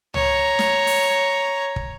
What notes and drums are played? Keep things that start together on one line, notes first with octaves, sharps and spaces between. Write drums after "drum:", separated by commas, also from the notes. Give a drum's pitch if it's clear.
C#5 A#5, drum: tom
drum: snare
drum: open hi-hat
drum: kick